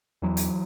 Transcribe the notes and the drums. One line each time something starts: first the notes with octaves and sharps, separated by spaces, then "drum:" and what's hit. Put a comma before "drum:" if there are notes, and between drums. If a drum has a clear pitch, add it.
E2 E3 F#3
drum: hi-hat